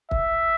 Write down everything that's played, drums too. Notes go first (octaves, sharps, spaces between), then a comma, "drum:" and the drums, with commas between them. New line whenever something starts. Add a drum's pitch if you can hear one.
E5, drum: kick